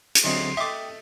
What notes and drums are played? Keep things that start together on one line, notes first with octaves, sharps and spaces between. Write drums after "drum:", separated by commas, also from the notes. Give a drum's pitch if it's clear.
drum: hi-hat
D2 D3 F#3 G#3 C4 C#5 C6
A3 D#5 E5 G5 D6 D#6